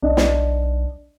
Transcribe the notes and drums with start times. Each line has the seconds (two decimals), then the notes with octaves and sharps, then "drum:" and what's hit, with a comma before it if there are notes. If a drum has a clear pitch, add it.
0.02 B1 D4 D#5
0.17 drum: snare